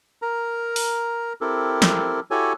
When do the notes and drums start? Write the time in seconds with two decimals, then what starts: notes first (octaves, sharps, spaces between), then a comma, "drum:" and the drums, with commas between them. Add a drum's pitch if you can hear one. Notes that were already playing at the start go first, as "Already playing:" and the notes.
0.22 A#4 A#5
0.76 drum: open hi-hat
1.41 C4 E4 G4 A4 A#4
1.82 drum: snare
2.31 E4 F#4 G4 A4 C#5 G#5